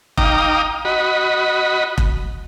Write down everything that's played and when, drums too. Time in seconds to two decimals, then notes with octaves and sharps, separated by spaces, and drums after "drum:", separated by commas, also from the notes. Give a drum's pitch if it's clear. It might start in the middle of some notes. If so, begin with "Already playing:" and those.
0.18 D#4 F5 G5 A#5 D6 D#6, drum: kick F1
0.85 F#4 D#5 B5
1.98 drum: kick F1